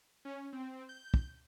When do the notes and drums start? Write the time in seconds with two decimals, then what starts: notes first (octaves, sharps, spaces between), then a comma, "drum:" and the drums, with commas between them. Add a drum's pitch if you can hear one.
0.25 C#4
0.53 C4
0.89 G6
1.14 drum: kick